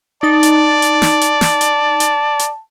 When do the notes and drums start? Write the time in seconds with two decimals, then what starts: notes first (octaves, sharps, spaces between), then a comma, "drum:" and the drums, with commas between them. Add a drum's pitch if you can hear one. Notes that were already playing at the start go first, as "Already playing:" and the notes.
0.23 D#4 D5 A5 A6
0.43 drum: hi-hat
0.82 drum: hi-hat
1.02 drum: snare
1.21 drum: hi-hat
1.41 drum: snare
1.61 drum: hi-hat
2.00 drum: hi-hat
2.39 drum: hi-hat